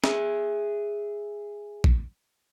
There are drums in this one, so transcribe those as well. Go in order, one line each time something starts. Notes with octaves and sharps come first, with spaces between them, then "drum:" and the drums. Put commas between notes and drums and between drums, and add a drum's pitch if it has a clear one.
G#4 E5, drum: snare
drum: kick